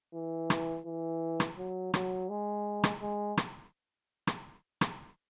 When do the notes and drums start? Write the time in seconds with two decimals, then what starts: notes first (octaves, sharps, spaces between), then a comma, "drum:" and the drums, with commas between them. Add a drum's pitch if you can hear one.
0.14 E3
0.50 drum: rim click
0.86 E3
1.40 drum: rim click
1.58 F#3
1.94 F#3, drum: rim click
2.29 G#3
2.84 drum: rim click
3.01 G#3
3.37 drum: rim click
4.27 drum: rim click
4.81 drum: rim click